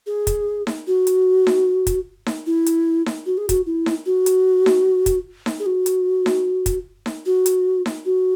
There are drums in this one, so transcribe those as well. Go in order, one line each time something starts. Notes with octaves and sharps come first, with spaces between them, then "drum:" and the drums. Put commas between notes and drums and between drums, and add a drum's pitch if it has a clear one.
G#4
drum: kick, hi-hat
drum: snare D#4
F#4
drum: hi-hat
drum: snare D#4
drum: kick, hi-hat
drum: snare D#4
E4
drum: hi-hat
drum: snare D#4
F#4
G#4
F#4, drum: kick, hi-hat
E4
drum: snare D#4
F#4
drum: hi-hat
drum: snare D#4
drum: kick, hi-hat
drum: snare D#4
G#4
F#4
drum: hi-hat
drum: snare D#4
drum: kick, hi-hat
drum: snare D#4
F#4
drum: hi-hat
drum: snare D#4
F#4